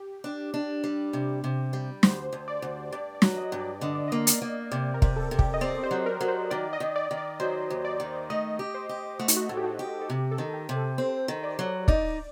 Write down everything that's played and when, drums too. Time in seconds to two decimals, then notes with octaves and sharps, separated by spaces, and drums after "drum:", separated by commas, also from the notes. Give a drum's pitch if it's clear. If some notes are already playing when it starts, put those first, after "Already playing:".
Already playing: G4
0.24 D4
0.54 D4
0.84 G3
1.13 C3
1.44 C3
1.73 G3
2.03 D2 C5, drum: snare
2.33 D2
2.48 D5
2.62 D2
2.92 G2 D5
3.15 D5
3.22 F#3, drum: snare
3.37 D#5
3.52 G2
3.60 D5
3.81 D3 D#5
3.95 D5
4.08 A#3 D#5
4.27 D5, drum: hi-hat
4.42 A#3
4.71 C3 D5
4.94 A#4
5.02 C3, drum: kick
5.16 A4
5.31 C3
5.39 G4, drum: kick
5.54 D#5
5.61 C4 D5
5.84 C5
5.91 F#3
6.06 A#4
6.21 F#3
6.28 C5
6.50 D#3 D5
6.73 D#5
6.80 D#3
6.96 D5
7.11 D#3
7.17 D5
7.40 F#3 C5
7.70 D#2
7.85 D5
8.00 D#3
8.30 A3 D#5
8.59 G4
8.74 C5
8.89 G4
9.19 A3 F#4
9.28 D#4, drum: hi-hat
9.37 F#4
9.49 A2 A4
9.57 G4
9.64 F#4
9.79 G4
10.01 A4
10.09 C3 G4
10.31 A4
10.38 D#3
10.54 G4
10.69 C3
10.76 A4
10.98 C4 C5
11.28 D#3
11.43 D5
11.59 F#3
11.88 D#4 D5, drum: kick